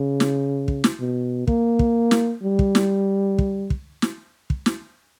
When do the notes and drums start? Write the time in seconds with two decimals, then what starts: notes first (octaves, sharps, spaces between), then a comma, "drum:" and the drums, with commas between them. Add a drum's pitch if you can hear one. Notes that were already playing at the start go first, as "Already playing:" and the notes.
Already playing: C#3
0.20 drum: snare
0.68 drum: kick
0.84 drum: snare
1.00 B2
1.47 A#3, drum: kick
1.79 drum: kick
2.11 drum: snare
2.43 G3
2.59 drum: kick
2.75 drum: snare
3.38 drum: kick
3.70 drum: kick
4.02 drum: snare
4.50 drum: kick
4.66 drum: snare